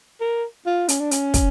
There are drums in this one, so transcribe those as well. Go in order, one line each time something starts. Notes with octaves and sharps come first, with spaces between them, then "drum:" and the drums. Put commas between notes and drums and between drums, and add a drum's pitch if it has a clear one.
A#4
F4
C#4, drum: hi-hat
D4
C#4, drum: hi-hat
drum: kick, hi-hat